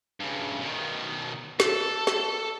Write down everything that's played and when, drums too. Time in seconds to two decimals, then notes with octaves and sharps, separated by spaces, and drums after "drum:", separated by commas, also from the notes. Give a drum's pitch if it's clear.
0.20 G2 C#3
0.61 B2 D#3
1.60 A4, drum: snare
2.07 drum: snare